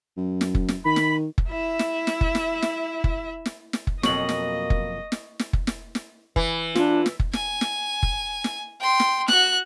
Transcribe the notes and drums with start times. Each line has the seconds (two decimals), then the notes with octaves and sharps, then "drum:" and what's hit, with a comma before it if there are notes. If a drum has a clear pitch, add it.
0.17 F#2
0.41 drum: snare
0.55 drum: kick F#1
0.68 drum: snare
0.85 D#3 B5
0.96 drum: snare
1.38 drum: kick F#1
1.48 E4 E5
1.79 drum: snare
2.07 drum: snare
2.21 drum: kick F#1
2.35 drum: snare
2.62 drum: snare
3.04 drum: kick F#1
3.46 drum: snare
3.73 drum: snare
3.87 drum: kick F#1
4.03 F2 B2 F#3 A#3 D#5 C#6 F#7, drum: snare
4.29 drum: snare
4.70 drum: kick F#1
5.12 drum: snare
5.39 drum: snare
5.53 drum: kick F#1
5.67 drum: snare
5.95 drum: snare
6.36 E3, drum: kick F#1
6.75 D4 F4, drum: snare
7.06 drum: snare
7.20 drum: kick F#1
7.33 G#5, drum: snare
7.61 drum: snare
8.03 drum: kick F#1
8.44 drum: snare
8.80 G5 C6
9.00 drum: snare
9.28 F#4 F#6, drum: snare